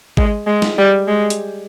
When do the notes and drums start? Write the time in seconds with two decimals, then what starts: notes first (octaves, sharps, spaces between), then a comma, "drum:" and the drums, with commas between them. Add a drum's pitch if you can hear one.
0.17 G#3, drum: kick G#1
0.46 G#3
0.62 drum: snare
0.78 G3
1.07 G#3
1.30 drum: hi-hat